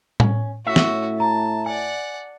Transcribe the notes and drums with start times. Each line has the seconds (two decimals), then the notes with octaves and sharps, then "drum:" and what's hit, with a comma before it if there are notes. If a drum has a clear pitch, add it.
0.20 C#4, drum: tom A2
0.67 A2 C#4 F#4 E5
0.76 drum: snare
1.20 A5 A#5
1.66 D5 F#5 G#5